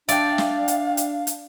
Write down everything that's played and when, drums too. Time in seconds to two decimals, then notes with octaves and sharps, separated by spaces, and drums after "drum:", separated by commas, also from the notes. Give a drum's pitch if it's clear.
0.09 D4 D5 E5 F5 G5, drum: hi-hat
0.38 drum: snare
0.68 drum: hi-hat
0.97 drum: hi-hat
1.27 drum: hi-hat